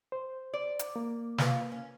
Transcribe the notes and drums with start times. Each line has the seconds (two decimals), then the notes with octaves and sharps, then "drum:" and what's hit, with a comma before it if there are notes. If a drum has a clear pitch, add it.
0.12 C5
0.54 D5
0.79 drum: hi-hat
0.96 A#3
1.38 F4 B4, drum: snare
1.72 C#4